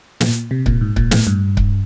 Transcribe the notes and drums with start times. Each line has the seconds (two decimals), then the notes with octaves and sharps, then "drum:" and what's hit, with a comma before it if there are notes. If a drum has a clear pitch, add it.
0.21 A#2, drum: snare
0.51 C3
0.66 A#2, drum: kick C#1
0.81 G#2
0.96 A#2, drum: kick C#1
1.11 A2, drum: snare
1.27 G2
1.57 drum: kick C#1